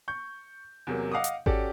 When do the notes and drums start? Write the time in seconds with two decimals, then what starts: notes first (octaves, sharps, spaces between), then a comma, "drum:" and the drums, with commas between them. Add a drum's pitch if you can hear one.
0.08 C#6 G6
0.87 E2 C3 F#3 A#3
1.12 D#5 F5 F#5 D6 D#6
1.24 drum: hi-hat
1.46 C#4 F#4 G4 A4 D5, drum: kick G#1